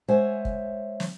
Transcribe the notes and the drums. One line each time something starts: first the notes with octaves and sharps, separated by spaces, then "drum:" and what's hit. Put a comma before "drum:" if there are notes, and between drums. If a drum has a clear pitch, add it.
G#3 C5 C#5 E5 F#5 G#5
drum: kick
drum: snare